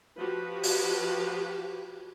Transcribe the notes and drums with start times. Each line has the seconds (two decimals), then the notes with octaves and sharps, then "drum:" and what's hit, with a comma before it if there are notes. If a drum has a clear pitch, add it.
0.18 F3 F#4 G4 B4
0.63 drum: open hi-hat